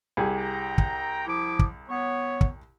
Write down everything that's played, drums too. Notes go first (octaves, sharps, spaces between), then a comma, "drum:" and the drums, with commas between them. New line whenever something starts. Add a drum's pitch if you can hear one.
C2 G4 G#4
G5 A#5
drum: kick
F3 E4 D6
drum: kick
B3 C#5
drum: kick